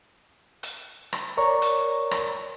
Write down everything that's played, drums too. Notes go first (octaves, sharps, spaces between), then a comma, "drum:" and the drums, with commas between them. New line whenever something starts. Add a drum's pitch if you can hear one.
drum: hi-hat
drum: rim click
A#4 C#5 D5 A#5 C#6
drum: hi-hat
drum: rim click